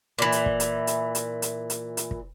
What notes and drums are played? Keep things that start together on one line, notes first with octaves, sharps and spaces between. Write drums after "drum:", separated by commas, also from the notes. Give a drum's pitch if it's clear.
A#2 E3
drum: hi-hat
drum: kick
drum: hi-hat
drum: hi-hat
drum: hi-hat
drum: hi-hat
drum: hi-hat
drum: hi-hat
drum: kick